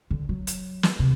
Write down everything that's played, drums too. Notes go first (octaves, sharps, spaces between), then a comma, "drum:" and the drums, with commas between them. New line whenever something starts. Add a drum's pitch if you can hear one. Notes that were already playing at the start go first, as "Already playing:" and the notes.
D3
F#3
drum: hi-hat
drum: snare
C3